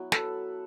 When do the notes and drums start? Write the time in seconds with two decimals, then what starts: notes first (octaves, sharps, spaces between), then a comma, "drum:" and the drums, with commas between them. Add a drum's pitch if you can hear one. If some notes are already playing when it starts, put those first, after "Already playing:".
Already playing: F#3 B3 E4
0.12 A4 B4, drum: snare